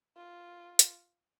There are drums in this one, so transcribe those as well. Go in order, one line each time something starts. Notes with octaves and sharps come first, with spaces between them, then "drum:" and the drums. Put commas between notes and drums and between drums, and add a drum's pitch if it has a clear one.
F4
drum: hi-hat